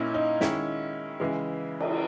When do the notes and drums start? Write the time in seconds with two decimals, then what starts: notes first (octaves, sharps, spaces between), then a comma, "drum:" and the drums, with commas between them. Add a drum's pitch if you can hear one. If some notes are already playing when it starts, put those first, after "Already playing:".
Already playing: A#2 A#3 C#4 D#4 E4
0.14 D#4
0.41 D#3 G#3 C#4 E4, drum: snare
1.20 C#3 E3 G#3
1.80 drum: cymbal